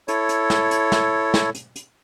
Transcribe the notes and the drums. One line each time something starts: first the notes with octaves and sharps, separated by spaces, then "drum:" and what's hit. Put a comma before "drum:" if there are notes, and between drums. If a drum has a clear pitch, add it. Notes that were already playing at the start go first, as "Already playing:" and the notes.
E4 A4 C#5, drum: hi-hat
drum: hi-hat
drum: snare
drum: hi-hat
drum: snare
drum: snare
drum: hi-hat
drum: hi-hat